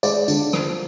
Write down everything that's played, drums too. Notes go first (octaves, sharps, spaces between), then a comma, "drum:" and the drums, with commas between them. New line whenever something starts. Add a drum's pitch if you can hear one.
G#3 D5, drum: tambourine
D3, drum: tambourine
F3, drum: rim click